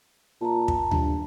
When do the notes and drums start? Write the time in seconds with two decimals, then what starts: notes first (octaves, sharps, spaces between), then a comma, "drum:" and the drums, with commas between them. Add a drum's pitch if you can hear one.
0.41 A#2 A5 A#5
0.68 drum: kick
0.91 G2, drum: tom D2